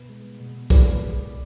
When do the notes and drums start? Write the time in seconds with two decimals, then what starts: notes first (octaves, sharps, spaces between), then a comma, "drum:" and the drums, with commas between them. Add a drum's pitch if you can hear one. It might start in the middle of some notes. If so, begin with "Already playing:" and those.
Already playing: B2 B4
0.09 G#3
0.40 B2
0.70 G#3 B4 D5, drum: kick, tambourine